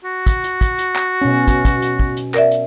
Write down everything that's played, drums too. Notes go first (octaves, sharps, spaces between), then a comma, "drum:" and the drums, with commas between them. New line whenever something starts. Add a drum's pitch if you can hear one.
F#4
drum: kick, hi-hat
drum: hi-hat
drum: kick, hi-hat
drum: hi-hat
drum: clap
B2 C#4
drum: kick, hi-hat
drum: kick, hi-hat
drum: hi-hat
drum: kick
drum: hi-hat
A#4 D5 E5, drum: clap
drum: hi-hat